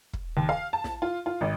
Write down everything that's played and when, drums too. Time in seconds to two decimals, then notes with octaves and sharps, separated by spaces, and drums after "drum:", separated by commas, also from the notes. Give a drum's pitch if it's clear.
0.13 drum: kick
0.37 D#2
0.49 F5
0.73 A5
0.84 drum: snare
1.02 F4
1.26 F4
1.41 G#1